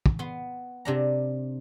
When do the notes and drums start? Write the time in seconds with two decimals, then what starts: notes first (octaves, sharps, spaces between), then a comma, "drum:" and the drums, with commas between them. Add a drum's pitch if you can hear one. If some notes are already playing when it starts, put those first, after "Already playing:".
0.06 drum: kick
0.19 B3 C6
0.85 C3 D4 A#5